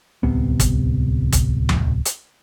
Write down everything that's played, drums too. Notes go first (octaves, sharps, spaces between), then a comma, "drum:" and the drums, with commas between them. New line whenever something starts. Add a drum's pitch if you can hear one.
D1 C2 C3 B3
drum: kick, hi-hat
drum: kick, hi-hat
drum: tom D#2
drum: hi-hat